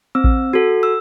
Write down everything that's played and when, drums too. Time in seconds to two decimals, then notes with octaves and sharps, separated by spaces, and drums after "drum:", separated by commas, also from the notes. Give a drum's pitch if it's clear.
0.15 C4 E6
0.24 drum: kick A1
0.53 F#4 A4
0.83 E6